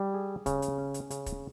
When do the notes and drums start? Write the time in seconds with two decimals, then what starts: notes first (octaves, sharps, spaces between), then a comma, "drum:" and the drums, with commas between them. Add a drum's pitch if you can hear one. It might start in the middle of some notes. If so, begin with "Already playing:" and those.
Already playing: G3
0.14 G#4
0.46 C#3, drum: kick, hi-hat
0.62 drum: hi-hat
0.78 C#4
0.94 drum: hi-hat
1.10 C#3, drum: hi-hat
1.26 drum: kick, hi-hat